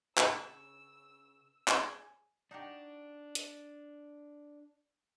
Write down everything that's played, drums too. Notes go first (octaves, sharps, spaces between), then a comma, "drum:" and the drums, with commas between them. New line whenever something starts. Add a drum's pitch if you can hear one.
C#3 E6, drum: clap
G#4 C#5 G#5, drum: clap
D4 D#4 F#4 G4
drum: hi-hat